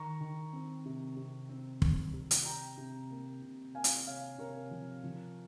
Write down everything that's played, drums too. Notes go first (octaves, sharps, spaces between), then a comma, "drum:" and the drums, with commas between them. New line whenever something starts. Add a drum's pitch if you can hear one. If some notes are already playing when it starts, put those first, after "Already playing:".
Already playing: D#3 A#5 C#6
D#3
C4
C3
C3
C4
D#3, drum: kick
G3
drum: hi-hat
C3 G5 A#5
C3
A#3
C3
A#3 F5 G#5
drum: hi-hat
C3 C#5 F5
C3 A#4 C#5
F3
F3